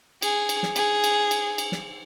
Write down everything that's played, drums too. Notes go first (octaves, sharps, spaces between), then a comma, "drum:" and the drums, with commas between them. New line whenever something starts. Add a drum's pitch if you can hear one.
G#4, drum: cymbal
drum: cymbal
drum: snare
G#4, drum: cymbal
drum: cymbal
drum: cymbal
drum: cymbal
drum: snare